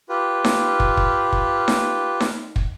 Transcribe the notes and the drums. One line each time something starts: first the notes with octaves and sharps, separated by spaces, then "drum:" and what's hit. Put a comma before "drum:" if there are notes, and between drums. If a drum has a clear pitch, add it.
F4 G4 B4
drum: snare D#4
drum: kick
drum: kick
drum: kick
drum: snare D#4
drum: snare D#4
drum: kick